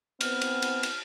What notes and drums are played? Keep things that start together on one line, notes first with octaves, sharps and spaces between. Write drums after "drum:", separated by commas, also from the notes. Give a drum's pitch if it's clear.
B3 C4 F6, drum: cymbal
drum: cymbal
drum: cymbal
drum: cymbal